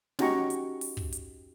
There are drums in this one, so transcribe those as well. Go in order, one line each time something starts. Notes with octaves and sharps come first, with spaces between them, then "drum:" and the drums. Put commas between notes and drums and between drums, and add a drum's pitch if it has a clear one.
C#4 D#4 F#4 G4 A#5 C#6, drum: snare
drum: hi-hat
drum: open hi-hat
drum: kick
drum: hi-hat